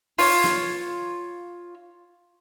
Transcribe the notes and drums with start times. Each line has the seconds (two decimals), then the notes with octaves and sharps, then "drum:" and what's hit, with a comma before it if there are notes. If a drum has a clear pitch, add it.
0.18 F4 C#5, drum: open hi-hat
0.44 drum: snare